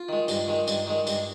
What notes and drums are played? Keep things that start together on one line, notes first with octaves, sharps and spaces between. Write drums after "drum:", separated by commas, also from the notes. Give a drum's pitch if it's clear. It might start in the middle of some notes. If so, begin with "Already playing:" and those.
Already playing: F4
D#3 G#3
G2, drum: tambourine
D#3 G#3
G2, drum: tambourine
D#3 G#3
G2, drum: tambourine